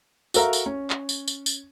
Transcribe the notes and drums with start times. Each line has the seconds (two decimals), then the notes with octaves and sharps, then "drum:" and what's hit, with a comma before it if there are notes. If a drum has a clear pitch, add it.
0.34 F#4 A4 A#4 E5 F5, drum: tambourine
0.53 drum: tambourine
0.66 C#4
0.90 drum: clap
1.09 drum: tambourine
1.28 drum: tambourine
1.46 drum: tambourine